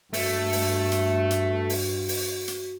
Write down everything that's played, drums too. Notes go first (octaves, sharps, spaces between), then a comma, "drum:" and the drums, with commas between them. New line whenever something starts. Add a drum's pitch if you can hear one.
G2 A3 F#4, drum: open hi-hat
drum: open hi-hat
drum: hi-hat
drum: hi-hat
drum: open hi-hat
drum: open hi-hat
drum: hi-hat